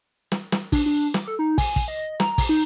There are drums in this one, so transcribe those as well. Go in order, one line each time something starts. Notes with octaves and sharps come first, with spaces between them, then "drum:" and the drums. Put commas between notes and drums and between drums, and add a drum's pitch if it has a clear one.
drum: snare
drum: snare
D4, drum: kick, open hi-hat
D4
D6, drum: snare
A4
D#4
G#5, drum: kick, open hi-hat
drum: kick, hi-hat
D#5
A#5, drum: snare
drum: kick, open hi-hat
D#4